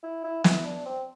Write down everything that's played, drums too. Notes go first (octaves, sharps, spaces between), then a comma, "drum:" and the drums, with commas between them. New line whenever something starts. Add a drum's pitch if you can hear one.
E4
E4
E4, drum: snare
D4
C4